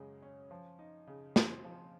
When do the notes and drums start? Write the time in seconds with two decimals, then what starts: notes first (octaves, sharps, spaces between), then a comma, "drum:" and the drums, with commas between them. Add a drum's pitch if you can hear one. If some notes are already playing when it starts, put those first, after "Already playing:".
Already playing: F#2 C#3 G#3 C#4
0.22 C#4
0.51 F3
0.79 D#4
1.07 C#3
1.36 C4, drum: snare
1.64 F3